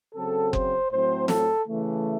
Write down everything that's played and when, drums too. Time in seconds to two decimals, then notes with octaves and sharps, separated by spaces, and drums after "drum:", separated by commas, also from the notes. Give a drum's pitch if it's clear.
0.15 C#3 F#3 C4 A4
0.53 C5, drum: kick F#1
0.91 A2 F#3 A3 C4 C5
1.28 A4, drum: snare
1.67 C#3 E3 A3